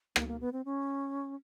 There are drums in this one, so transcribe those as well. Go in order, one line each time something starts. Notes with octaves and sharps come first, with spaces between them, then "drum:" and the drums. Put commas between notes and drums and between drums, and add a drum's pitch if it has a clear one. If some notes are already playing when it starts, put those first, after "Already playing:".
A#3, drum: rim click
A#3
B3
C4
C#4